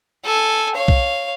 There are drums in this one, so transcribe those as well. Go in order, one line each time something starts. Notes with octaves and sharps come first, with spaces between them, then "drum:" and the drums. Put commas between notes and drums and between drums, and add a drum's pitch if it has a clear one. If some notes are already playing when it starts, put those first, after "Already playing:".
A4 G#5
C#5 F5
drum: kick B1